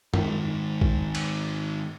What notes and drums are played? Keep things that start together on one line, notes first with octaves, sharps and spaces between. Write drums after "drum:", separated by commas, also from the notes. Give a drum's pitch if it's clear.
G#2 D#3, drum: tom
drum: kick
drum: cymbal